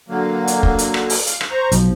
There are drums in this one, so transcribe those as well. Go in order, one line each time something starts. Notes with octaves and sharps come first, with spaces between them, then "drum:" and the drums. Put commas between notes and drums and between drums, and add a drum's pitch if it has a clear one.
D3 F#3 A#3
drum: hi-hat
drum: kick
drum: hi-hat
drum: rim click
drum: open hi-hat
F5, drum: hi-hat
drum: rim click
C5 A#5 C#6
B1 F3, drum: hi-hat